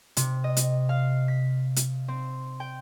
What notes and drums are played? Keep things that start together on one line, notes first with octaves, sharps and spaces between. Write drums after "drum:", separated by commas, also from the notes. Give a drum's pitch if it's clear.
C3, drum: hi-hat
D#5
drum: hi-hat
F5
B6
drum: hi-hat
C4
G5